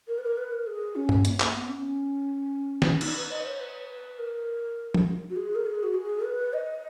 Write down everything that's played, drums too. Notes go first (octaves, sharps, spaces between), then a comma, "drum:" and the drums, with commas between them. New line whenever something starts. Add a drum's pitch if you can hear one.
A#4
B4
A#4
B4
A#4
G#4
C#4
drum: tom G2
A#3, drum: hi-hat
A#3, drum: clap
B3
C#4
drum: snare
D#4, drum: cymbal
B4
D#5
B4
C#5
B4
B4
A#4
drum: tom F3
F#4
G#4
A#4
G#4
F#4
G#4
B4
D#5